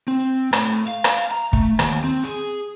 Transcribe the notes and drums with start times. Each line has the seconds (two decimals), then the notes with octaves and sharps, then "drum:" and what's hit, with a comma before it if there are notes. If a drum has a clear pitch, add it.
0.08 C4
0.53 A2, drum: rim click
0.88 F5
1.04 drum: rim click
1.32 A#5
1.53 A3, drum: kick
1.79 D#2, drum: rim click
2.04 C4
2.24 G#4